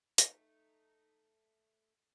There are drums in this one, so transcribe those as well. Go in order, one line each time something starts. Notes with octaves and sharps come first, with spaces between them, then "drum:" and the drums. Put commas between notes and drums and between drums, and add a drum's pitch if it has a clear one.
A3 D#4, drum: hi-hat